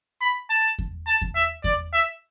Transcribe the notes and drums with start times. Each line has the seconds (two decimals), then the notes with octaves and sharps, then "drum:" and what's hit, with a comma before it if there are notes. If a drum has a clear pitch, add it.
0.21 B5
0.50 A5
0.79 drum: kick E2
1.07 A5
1.22 drum: kick E2
1.36 E5
1.64 D5, drum: kick E2
1.93 E5